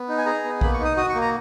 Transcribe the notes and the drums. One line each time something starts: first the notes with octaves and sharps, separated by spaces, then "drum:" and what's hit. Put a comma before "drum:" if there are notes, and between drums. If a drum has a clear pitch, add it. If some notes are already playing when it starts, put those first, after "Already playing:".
Already playing: B3
D#4
G#5
G#4 A#5
B3
A#3 B5, drum: kick A#1
C#6
D#4
D#6
F#4 D#6
C#6
A#3
A#5